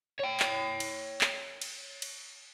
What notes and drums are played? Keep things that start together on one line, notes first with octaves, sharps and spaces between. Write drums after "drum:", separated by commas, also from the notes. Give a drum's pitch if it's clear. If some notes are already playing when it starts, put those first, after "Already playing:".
C#5 G5
drum: clap
drum: cymbal
drum: clap
drum: cymbal
drum: cymbal